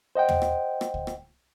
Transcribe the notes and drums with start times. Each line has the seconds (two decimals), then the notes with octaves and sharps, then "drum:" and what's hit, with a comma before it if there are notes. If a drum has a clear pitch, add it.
0.15 C5 D#5 F#5 G5
0.29 drum: tom
0.42 drum: rim click
0.81 drum: rim click
0.94 drum: kick C#2
1.07 drum: rim click